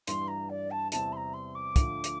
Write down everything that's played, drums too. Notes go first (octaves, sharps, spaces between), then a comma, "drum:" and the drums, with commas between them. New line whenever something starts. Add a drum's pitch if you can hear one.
G2 E3 G3 C6, drum: hi-hat
A#5
D5
A5
E2 C3 E3 G3 C4 A5, drum: hi-hat
C6
A#5
C6
D6
D2 D3 F3, drum: kick, hi-hat
drum: hi-hat